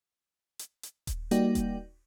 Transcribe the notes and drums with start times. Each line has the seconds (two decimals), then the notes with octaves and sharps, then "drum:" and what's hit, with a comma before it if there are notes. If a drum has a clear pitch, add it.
0.59 drum: hi-hat
0.83 drum: hi-hat
1.07 drum: kick D#1, hi-hat
1.31 G3 A#3 D#4 F#4 D5 G5, drum: hi-hat
1.55 drum: kick D#1, hi-hat